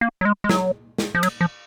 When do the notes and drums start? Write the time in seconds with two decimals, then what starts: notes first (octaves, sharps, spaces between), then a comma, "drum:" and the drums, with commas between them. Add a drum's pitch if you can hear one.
0.01 A#3
0.21 F#3
0.25 G#3
0.44 G#3
0.49 F#3, drum: snare
0.98 drum: snare
1.15 F3
1.23 F#3, drum: cymbal
1.41 F3